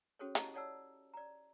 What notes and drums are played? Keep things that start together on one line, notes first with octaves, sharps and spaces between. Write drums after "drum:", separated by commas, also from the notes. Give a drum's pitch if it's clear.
C#4 F#4 G#4 A4 C5 C#5
E4 G4 D#5 F#5 A5 A#5, drum: hi-hat
A4 C#5 D5 F#5 A5 E6
D5 A#5